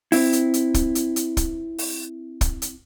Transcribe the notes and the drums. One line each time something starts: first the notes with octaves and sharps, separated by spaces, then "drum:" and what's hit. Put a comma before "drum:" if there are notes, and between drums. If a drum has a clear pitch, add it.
C4 E4, drum: open hi-hat
drum: hi-hat
drum: hi-hat
drum: kick, hi-hat
drum: hi-hat
drum: hi-hat
drum: kick, hi-hat
drum: open hi-hat
drum: kick, hi-hat
drum: hi-hat